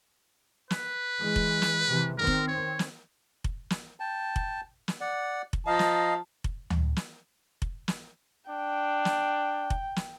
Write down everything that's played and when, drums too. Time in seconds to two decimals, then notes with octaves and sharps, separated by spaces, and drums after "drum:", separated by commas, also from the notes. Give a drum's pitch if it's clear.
0.71 B4, drum: snare
1.20 E3 G#3
1.36 drum: kick F1
1.62 drum: snare
1.88 C3 E3
2.18 D#3 C4 A#4
2.27 drum: kick F1
2.48 C#5
2.79 drum: snare
3.44 drum: kick F1
3.70 drum: snare
4.00 G5 A5
4.36 drum: kick F1
4.88 drum: snare
5.01 D5 F#5
5.53 drum: kick F1
5.66 F3 D#5 F5 A5 A#5
5.79 drum: snare
6.44 drum: kick F1
6.70 drum: tom D2
6.96 drum: snare
7.62 drum: kick F1
7.88 drum: snare
8.49 D4 G5
9.05 drum: snare
9.70 drum: kick F1
9.96 drum: snare